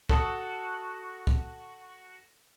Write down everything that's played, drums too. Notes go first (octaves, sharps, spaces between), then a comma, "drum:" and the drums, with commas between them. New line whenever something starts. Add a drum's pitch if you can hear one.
F#4 A4 D#6, drum: kick
drum: kick